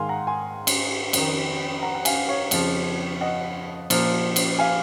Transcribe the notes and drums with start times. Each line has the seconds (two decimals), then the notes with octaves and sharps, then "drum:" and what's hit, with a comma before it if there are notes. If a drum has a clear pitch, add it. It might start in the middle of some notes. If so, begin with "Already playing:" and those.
Already playing: G#2 D#3 F5 G#5 C6
0.09 F#5 A#5
0.27 G#5 C6
0.67 drum: cymbal
1.13 F2 D#3, drum: cymbal
1.82 F#5 A#5
1.95 F#5
2.05 F5 G#5, drum: cymbal
2.28 C#5 F5
2.51 F2 C#3 F3, drum: cymbal
3.21 D#5 F#5
3.90 A#2 F3, drum: cymbal
4.36 drum: cymbal
4.59 F5 G#5